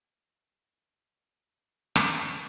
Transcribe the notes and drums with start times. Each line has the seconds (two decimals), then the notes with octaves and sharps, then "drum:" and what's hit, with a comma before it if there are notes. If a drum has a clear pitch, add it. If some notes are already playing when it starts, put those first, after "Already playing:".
Already playing: F3
0.09 A4
0.28 G#4
0.47 G#4
0.60 G3
0.66 F#3 G4
1.05 G#3 G4
1.14 G#4
1.21 G4
1.44 A3
1.96 drum: rim click
2.11 G4
2.22 G#4